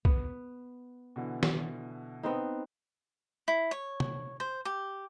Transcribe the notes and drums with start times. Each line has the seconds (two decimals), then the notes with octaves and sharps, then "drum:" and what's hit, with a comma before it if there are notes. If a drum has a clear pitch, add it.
0.05 B3, drum: kick
1.16 B2 D3 E3
1.43 drum: snare
2.23 B3 C4 D#4
3.48 E4
3.71 C#5
4.00 drum: tom
4.40 C5
4.65 G4